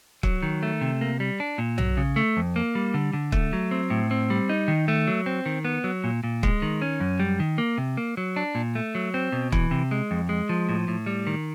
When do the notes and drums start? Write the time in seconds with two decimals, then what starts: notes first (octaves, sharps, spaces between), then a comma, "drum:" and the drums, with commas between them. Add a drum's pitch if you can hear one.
0.23 F#3, drum: kick
0.43 D#3
0.63 A3
0.81 C3
1.01 A#3
1.20 G3
1.40 D4
1.58 A#2
1.78 F#3, drum: tom B1
1.97 C#3
2.16 A3
2.37 F2
2.56 A#3
2.75 G3
2.94 D3
3.13 D3
3.32 A3, drum: kick
3.53 F#3
3.71 C4
3.90 A2
4.11 C4
4.30 G3
4.49 D#4
4.68 D#3
4.88 A3
5.07 F#3
5.26 C4
5.46 D#3
5.65 B3
5.84 F#3
6.04 A#2
6.24 A#2
6.43 G#3, drum: kick
6.62 D#3
6.82 C#4
7.00 F#2
7.20 G3
7.40 D#3
7.58 A#3
7.78 C3
7.97 A#3
8.17 F#3
8.36 D4
8.55 A#2
8.75 A3
8.95 F#3
9.14 C4
9.32 B2
9.52 E3, drum: kick
9.71 C3
9.91 G#3
10.11 F2
10.29 G#3
10.49 F3
10.69 A2
10.88 A2
11.06 G3
11.27 D#3